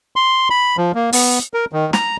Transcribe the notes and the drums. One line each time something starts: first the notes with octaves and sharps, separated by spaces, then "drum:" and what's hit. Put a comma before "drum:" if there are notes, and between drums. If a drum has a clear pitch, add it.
C6
B5
F3
A#3
B3, drum: open hi-hat
A#4
D#3
A#5, drum: snare